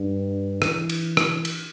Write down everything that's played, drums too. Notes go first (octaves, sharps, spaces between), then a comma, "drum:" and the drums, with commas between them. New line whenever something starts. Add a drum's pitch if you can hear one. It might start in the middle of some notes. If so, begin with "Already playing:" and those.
Already playing: G2
E3, drum: rim click
drum: cymbal
drum: rim click
drum: cymbal